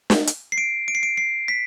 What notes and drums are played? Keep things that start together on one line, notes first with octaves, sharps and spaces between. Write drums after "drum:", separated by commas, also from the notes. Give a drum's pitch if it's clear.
drum: snare
drum: hi-hat
C7
D7
D7
C7
D7
C7
B6